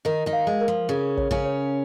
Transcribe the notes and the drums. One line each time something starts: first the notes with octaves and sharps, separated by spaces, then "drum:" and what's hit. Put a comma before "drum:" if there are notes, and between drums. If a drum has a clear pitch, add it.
D#3 D#4 A#4
D#3 D#4
F5
G#3
A#4
F3
C#3 C#4 G#4
C#5, drum: kick
C#3 C#4, drum: kick
C#5